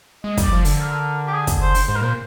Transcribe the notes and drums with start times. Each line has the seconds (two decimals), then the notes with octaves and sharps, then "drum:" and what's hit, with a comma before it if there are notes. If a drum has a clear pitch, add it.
0.24 G#3 D#5
0.37 G3 D5, drum: kick, hi-hat
0.52 F3
0.65 D3, drum: open hi-hat
0.79 A#4
1.27 G4
1.34 G#4
1.47 drum: kick, hi-hat
1.61 C5
1.74 drum: open hi-hat
1.88 G#2 C5
1.96 A#4
2.01 A#2 C5